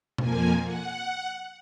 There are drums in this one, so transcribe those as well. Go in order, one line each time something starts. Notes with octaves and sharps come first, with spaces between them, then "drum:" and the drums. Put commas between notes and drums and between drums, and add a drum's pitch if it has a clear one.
F2 F3 A#3 G#5, drum: tom B2
F#5